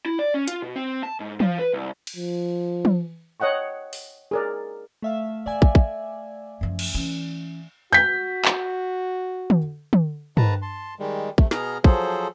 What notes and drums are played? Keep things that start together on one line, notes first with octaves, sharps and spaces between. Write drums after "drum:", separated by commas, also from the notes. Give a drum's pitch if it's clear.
E4
D5
C#4
F4, drum: hi-hat
B2
C4
A5
G#2
F3, drum: tom
B4
C2
drum: cymbal
F3
drum: tom
C#5 D#5 F#5 G5 C#6
drum: open hi-hat
G#4 A#4 D5
A3 E5 F5
A3 D5 E5 G#5
drum: kick
drum: kick
F#2 F3
drum: cymbal
E3 C#4
F#4 G6 B6
drum: clap
drum: tom
drum: tom
G#2 D#3 B4 A5 A#5, drum: tom
A5 C6
D#3 G3 G#3
C3 A3, drum: kick
B2 B3 G#4 A#5 F6, drum: snare
F3 F#3 G#4 A4 C5, drum: kick